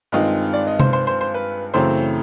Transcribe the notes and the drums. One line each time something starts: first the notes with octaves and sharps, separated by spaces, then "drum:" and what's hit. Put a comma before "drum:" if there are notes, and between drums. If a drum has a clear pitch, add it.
G2 D#3 G#3 C4 F4 D#5
D5
D#5
C5, drum: tom C3
C5
C5
C5
B4
F#2 C#3 E3 A3 C4 C5